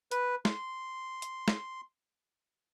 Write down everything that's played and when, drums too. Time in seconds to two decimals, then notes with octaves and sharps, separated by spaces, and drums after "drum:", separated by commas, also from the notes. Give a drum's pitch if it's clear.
0.11 B4, drum: hi-hat
0.45 C6, drum: snare
1.22 drum: hi-hat
1.48 drum: snare